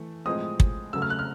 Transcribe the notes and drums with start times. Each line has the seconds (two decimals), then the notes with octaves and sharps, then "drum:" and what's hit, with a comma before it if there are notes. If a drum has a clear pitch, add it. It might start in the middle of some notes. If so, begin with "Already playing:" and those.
Already playing: E3 A3
0.26 A2 F3 G#3 C4 D#6
0.60 drum: kick
0.93 C#3 F#3 A3 E6
1.02 F6
1.10 F#6
1.19 F6